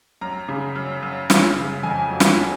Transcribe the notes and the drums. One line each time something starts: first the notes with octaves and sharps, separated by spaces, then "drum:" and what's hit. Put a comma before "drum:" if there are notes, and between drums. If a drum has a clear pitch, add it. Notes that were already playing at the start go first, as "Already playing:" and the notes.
F#2 A#5
C#3
F#2
F#2
F#2, drum: snare
C#3
F2 G#5
F#3
drum: snare
F#3